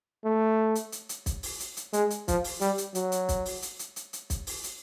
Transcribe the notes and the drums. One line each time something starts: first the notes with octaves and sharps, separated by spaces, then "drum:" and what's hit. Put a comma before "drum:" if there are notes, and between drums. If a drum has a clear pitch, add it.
A3
drum: hi-hat
drum: hi-hat
drum: hi-hat
drum: kick, hi-hat
drum: open hi-hat
drum: hi-hat
drum: hi-hat
G#3, drum: hi-hat
drum: hi-hat
F3, drum: kick, hi-hat
drum: open hi-hat
G3, drum: hi-hat
drum: hi-hat
F#3, drum: hi-hat
drum: hi-hat
drum: kick, hi-hat
drum: open hi-hat
drum: hi-hat
drum: hi-hat
drum: hi-hat
drum: hi-hat
drum: kick, hi-hat
drum: open hi-hat
drum: hi-hat